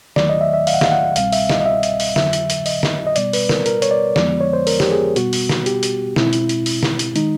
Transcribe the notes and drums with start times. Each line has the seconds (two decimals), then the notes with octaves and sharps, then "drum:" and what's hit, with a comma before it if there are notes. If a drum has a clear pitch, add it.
0.16 D#2 D#3 F#3 A3 D5, drum: snare
0.29 D#5
0.41 E5
0.53 E5
0.67 F5, drum: open hi-hat
0.74 F#5
0.81 F5, drum: snare
0.91 F#5
1.16 C2 B2 G3 C4 F5, drum: hi-hat
1.33 E5, drum: open hi-hat
1.49 D#5, drum: snare
1.60 D#5
1.66 E5
1.83 drum: hi-hat
2.00 drum: open hi-hat
2.16 F2 D3 F#3 E5, drum: snare
2.33 drum: hi-hat
2.50 drum: hi-hat
2.66 D#5, drum: open hi-hat
2.83 drum: snare
3.07 D#5
3.16 B2 G3 B3 D5, drum: hi-hat
3.33 B4, drum: open hi-hat
3.49 A#4, drum: snare
3.66 A#4, drum: hi-hat
3.82 C#5, drum: hi-hat
3.91 D5
4.16 F2 D3 F3 G#3 B3 D5, drum: snare
4.41 C#5
4.53 C5
4.67 A#4, drum: open hi-hat
4.80 G4, drum: snare
4.92 G#4
5.16 B2 G3 B3 F#4, drum: hi-hat
5.33 drum: open hi-hat
5.49 drum: snare
5.66 G4, drum: hi-hat
5.83 drum: hi-hat
6.16 B2 G#3 C4 E4, drum: snare
6.33 drum: hi-hat
6.49 drum: hi-hat
6.66 drum: open hi-hat
6.83 drum: snare
6.99 drum: hi-hat
7.16 D#3 G#3 D#4, drum: hi-hat